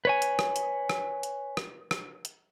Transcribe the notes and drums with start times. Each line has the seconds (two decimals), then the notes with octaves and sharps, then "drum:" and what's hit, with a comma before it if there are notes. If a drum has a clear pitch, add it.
0.05 B4 C#5 G#5
0.22 drum: hi-hat
0.39 drum: rim click
0.56 drum: hi-hat
0.90 drum: rim click
1.23 drum: hi-hat
1.57 drum: rim click
1.91 drum: rim click
2.25 drum: hi-hat